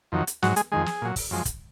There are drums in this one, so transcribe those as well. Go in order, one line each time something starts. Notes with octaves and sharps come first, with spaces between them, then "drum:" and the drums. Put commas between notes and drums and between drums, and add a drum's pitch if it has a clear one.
F2 D#3 F#3
drum: hi-hat
G#2 F#3 F#4, drum: snare
G#3 G#4, drum: hi-hat
F2 D#3 G#3 G#4
drum: snare
A#2 F#3
drum: kick, open hi-hat
F#2 F3 G#3
drum: kick, hi-hat